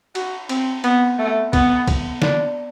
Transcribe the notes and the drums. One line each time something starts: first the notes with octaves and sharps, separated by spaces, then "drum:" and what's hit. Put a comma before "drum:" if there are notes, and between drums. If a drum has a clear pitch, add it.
F#4, drum: cymbal
C4, drum: cymbal
B3, drum: cymbal
A3
B3, drum: kick, cymbal
drum: kick, cymbal
D4, drum: snare